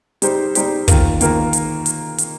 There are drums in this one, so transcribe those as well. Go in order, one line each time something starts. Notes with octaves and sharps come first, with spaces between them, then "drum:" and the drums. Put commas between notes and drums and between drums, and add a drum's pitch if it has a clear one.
G3 D#4 G4 C5, drum: hi-hat
G3 D#4 G4 C5, drum: hi-hat
D#3 A#3 F4 A#4, drum: kick, hi-hat
D#3 A#3 F4 A#4, drum: hi-hat
drum: hi-hat
drum: hi-hat
drum: hi-hat